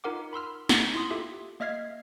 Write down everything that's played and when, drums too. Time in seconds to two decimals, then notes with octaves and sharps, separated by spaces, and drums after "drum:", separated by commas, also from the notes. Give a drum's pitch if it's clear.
0.04 D#4 F4 A#4 F#5 D6
0.33 B5 C6 E6 F6
0.69 D#4 F#5, drum: snare
0.95 E4 C6 D#6
1.10 F4 G4 A4 E5
1.60 A#3 D#5 E5 F6 G#6 C7